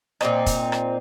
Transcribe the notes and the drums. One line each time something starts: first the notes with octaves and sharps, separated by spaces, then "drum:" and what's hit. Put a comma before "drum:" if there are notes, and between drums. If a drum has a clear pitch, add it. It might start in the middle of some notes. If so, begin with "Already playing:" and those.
A#2 C4 D#4, drum: rim click
drum: kick, hi-hat
drum: rim click